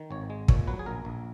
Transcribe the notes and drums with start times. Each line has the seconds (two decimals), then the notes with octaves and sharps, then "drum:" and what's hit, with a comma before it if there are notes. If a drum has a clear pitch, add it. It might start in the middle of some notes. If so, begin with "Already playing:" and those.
Already playing: D#3
0.11 G#1 C#5
0.30 G#3
0.48 A#2 C#5, drum: kick
0.67 F#3 B4
0.79 G#4
0.86 A#1 A#4
1.05 A#1